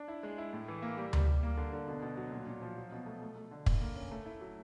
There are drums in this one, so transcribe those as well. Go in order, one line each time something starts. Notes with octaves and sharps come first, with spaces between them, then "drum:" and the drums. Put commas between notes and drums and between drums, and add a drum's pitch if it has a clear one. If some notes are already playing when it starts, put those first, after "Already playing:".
Already playing: D4
E4
G#3
E4
A2
E3
A#3
G3
G3, drum: tom D2
G3
A#3
D3
D3
B2
B2
F#3
A#2
A#2
F3
F#3
B2
A3
A3
A3
D3
A2, drum: kick
A#3
C#4
A3
E4
F#3